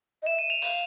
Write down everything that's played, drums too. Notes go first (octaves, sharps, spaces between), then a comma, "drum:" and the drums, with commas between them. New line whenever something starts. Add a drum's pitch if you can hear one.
D#5
E5 E7
D#7
F7
F5, drum: open hi-hat